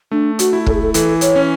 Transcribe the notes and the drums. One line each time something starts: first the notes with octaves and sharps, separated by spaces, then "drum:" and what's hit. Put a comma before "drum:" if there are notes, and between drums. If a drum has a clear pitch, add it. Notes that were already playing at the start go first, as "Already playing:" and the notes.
A3 D4
F#4, drum: hi-hat
E4
A4, drum: kick
G#4
A4
E3 A4, drum: hi-hat
C#5, drum: hi-hat
C#4